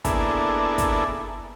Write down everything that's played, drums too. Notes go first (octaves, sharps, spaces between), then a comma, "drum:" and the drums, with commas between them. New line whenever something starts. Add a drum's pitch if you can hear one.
A#3 B3 D4 E4 G#4 A4, drum: kick, hi-hat
drum: kick, hi-hat